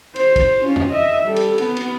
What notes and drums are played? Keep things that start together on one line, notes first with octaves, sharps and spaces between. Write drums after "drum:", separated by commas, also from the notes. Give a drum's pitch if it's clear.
C5, drum: cymbal
drum: kick, cymbal
C#4 F4
drum: tom
D#5 E5
G3 A4
drum: cymbal
B3, drum: cymbal
drum: cymbal